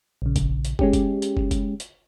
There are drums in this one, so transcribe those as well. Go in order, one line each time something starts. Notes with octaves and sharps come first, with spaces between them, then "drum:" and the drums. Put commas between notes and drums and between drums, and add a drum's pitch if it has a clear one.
A#1 C#3
drum: kick, hi-hat
drum: hi-hat
G#3 C#4 G4, drum: kick
drum: kick, hi-hat
drum: hi-hat
drum: kick
drum: kick, hi-hat
drum: hi-hat